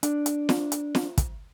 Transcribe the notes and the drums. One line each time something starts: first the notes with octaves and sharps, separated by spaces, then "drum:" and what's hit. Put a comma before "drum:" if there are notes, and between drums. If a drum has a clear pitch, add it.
D4, drum: hi-hat
drum: hi-hat
drum: snare
drum: hi-hat
drum: snare
drum: kick, hi-hat